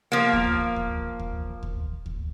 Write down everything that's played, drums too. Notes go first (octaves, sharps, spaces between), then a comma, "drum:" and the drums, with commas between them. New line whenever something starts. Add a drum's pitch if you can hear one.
F3 A#3
drum: kick D2
drum: kick D2
drum: kick D2
drum: kick D2
drum: kick D2